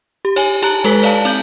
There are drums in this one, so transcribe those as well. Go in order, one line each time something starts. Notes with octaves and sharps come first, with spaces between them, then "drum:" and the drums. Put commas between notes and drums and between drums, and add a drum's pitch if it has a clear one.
G4
C#5 G#5, drum: cymbal
G4 A5 A#5 F#6, drum: cymbal
G#3 A4 B4 B6 G7, drum: cymbal
C#5 D5 F5 A5, drum: cymbal
C4 G6, drum: cymbal